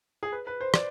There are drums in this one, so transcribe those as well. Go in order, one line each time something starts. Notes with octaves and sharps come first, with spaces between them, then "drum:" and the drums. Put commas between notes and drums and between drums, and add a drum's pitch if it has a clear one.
G#4
B4
B4
C5
D5, drum: rim click